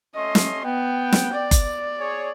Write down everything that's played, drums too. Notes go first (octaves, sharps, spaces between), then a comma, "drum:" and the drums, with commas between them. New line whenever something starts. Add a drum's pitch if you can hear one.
A3 C#4 D#5 C6
drum: snare
B3 G5
drum: snare
D5
drum: kick F#1, hi-hat
G#4 C#5